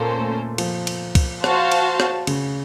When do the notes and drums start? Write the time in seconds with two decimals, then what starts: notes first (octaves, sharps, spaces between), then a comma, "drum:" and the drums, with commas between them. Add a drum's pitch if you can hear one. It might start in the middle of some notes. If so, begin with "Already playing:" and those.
Already playing: A#2 A#3 C#4 A4 C5
0.16 A3
0.58 F3, drum: cymbal
0.87 drum: cymbal
1.15 drum: kick, cymbal
1.44 F#4 C5 F5 A5, drum: rim click
1.72 drum: cymbal
2.00 drum: rim click
2.27 C#3, drum: cymbal